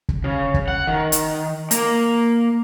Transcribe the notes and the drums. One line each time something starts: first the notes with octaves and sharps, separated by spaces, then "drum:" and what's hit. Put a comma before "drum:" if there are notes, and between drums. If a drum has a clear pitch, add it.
drum: kick
C#3
drum: kick
F#5
D#3
drum: hi-hat
A#3, drum: hi-hat